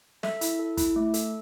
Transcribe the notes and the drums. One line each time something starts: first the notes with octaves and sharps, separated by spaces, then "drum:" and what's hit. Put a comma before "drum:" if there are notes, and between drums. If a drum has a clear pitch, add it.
A4 E5, drum: snare
E4, drum: hi-hat
A4
E4, drum: kick, hi-hat
A3
A4, drum: hi-hat